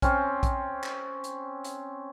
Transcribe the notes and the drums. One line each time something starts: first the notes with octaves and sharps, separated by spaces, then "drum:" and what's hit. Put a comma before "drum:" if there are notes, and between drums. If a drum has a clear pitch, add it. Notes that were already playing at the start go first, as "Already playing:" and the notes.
C4 C#4, drum: kick A#1, hi-hat
drum: kick A#1, hi-hat
drum: clap
drum: hi-hat
drum: hi-hat